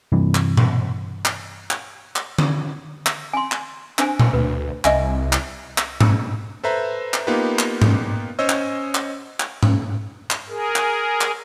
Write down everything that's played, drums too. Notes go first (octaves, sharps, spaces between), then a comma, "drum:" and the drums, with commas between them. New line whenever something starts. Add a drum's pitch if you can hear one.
G2 C3 E3
drum: clap
drum: tom A#2
drum: clap
drum: clap
drum: clap
drum: tom D3
drum: clap
G#5 C6
drum: clap
D4 C5 G#5, drum: clap
drum: tom A#2
D2 B4
C2 D#5 E5 G#5, drum: clap
drum: clap
drum: clap
drum: tom G#2
A4 B4 C5 E5 A#5
drum: clap
A#3 B3 D#4 F4 G4 B4
drum: clap
drum: tom G#2
C#4 C5 C#5 D#5 E6
drum: clap
drum: clap
drum: clap
drum: tom G#2
drum: clap
G#4 A#4
drum: clap
drum: clap